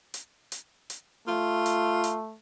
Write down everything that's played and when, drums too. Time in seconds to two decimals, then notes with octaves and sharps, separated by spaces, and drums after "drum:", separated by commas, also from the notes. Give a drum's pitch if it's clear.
0.14 drum: hi-hat
0.52 drum: hi-hat
0.90 drum: hi-hat
1.28 A3 F4
1.66 drum: hi-hat
2.04 drum: hi-hat